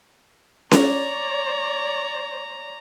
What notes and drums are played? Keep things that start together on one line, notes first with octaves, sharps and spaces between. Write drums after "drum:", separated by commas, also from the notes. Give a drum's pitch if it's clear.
C#5 D5 A#5, drum: snare C#4